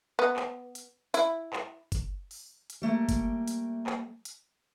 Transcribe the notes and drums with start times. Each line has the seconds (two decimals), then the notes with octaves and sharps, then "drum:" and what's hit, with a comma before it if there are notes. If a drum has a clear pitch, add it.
0.19 B3
0.36 drum: clap
0.75 drum: hi-hat
1.14 E4, drum: hi-hat
1.53 drum: clap
1.92 drum: kick G1, hi-hat
2.31 drum: open hi-hat
2.70 drum: hi-hat
2.82 G3 A3 A#3
3.09 drum: kick G1, hi-hat
3.48 drum: hi-hat
3.86 drum: clap
4.25 drum: hi-hat